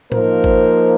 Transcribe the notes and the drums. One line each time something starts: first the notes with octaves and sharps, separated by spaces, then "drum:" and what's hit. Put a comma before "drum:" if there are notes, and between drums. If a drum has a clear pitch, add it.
F3 A#3 D#4 A#4 C5, drum: tom A2
drum: kick G#1